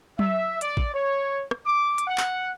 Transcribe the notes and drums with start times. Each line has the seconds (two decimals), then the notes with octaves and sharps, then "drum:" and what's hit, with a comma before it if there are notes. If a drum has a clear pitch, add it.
0.19 E5, drum: tom F#3
0.61 D5, drum: hi-hat
0.77 drum: kick
0.94 C#5
1.51 drum: rim click
1.66 D6
1.98 drum: hi-hat
2.07 F#5
2.18 drum: clap